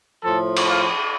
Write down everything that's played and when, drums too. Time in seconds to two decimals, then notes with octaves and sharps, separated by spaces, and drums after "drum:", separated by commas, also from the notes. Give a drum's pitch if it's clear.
0.23 A2 F3 A4
0.56 drum: cymbal
0.68 F4